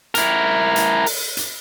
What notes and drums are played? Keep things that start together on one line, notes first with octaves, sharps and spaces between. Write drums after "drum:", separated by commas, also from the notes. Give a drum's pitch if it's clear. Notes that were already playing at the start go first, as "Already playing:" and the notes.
E4 A#4, drum: hi-hat
drum: hi-hat
drum: open hi-hat
drum: hi-hat